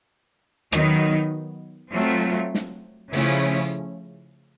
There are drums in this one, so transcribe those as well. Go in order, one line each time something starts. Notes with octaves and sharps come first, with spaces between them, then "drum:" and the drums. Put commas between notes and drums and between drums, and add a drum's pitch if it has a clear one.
D#3 F#3 B3 D#4, drum: rim click
F#3 A3 C4 F4
drum: snare
C#3 F3 A3 C#4 E4, drum: open hi-hat